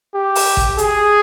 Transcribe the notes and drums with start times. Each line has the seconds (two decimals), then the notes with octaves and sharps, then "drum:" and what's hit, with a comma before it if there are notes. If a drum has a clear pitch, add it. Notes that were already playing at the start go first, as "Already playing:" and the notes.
0.15 G4
0.35 drum: open hi-hat
0.57 drum: kick G#1
0.78 G#4, drum: hi-hat